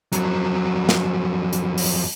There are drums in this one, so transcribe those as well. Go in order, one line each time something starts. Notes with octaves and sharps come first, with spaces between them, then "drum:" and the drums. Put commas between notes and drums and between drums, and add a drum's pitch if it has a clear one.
F2 F#3, drum: hi-hat
drum: snare
drum: hi-hat
drum: open hi-hat